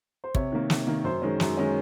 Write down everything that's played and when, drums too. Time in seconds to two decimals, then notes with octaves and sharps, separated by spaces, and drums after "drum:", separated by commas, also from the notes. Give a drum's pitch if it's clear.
0.24 C5
0.35 C3 C#5, drum: kick
0.52 D#3 A#3
0.70 C3, drum: snare
0.87 D#3 A#3
1.04 F#2 C5
1.22 D#3 G#3 C#4
1.40 F#2, drum: snare
1.57 D#3 G#3 C#4